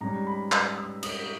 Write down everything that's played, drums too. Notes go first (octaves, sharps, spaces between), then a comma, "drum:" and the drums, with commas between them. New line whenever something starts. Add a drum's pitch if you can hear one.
G#2 G3 C#4 A#5
B5
D#6, drum: clap
E6
D#6, drum: cymbal